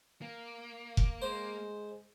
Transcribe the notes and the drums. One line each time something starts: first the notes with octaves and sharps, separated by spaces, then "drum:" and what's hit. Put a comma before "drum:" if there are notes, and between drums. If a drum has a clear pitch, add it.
A#3
drum: kick F1
G#3 C5